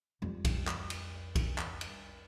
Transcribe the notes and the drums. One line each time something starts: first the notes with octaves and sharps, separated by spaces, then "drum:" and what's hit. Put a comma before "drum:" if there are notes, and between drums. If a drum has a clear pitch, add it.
F2 G3
drum: kick B1, cymbal
drum: clap
drum: cymbal
drum: kick B1, cymbal
drum: clap
drum: cymbal